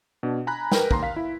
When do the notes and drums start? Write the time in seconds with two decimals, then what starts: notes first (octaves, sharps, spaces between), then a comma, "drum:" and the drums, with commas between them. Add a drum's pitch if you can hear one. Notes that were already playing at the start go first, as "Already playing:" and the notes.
0.23 B2 D4
0.47 G#5 A#5 B5 F#6
0.72 A#4 B4 G5, drum: snare
0.91 D#2 A#5 C6, drum: kick
1.03 F5 B6
1.16 E4